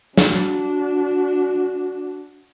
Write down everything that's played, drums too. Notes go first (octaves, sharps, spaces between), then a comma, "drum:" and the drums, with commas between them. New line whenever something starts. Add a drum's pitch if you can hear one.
D4 F#4, drum: snare